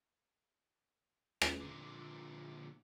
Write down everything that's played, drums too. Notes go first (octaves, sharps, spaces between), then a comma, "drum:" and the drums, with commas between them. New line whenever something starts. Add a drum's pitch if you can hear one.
drum: rim click
A#2 D3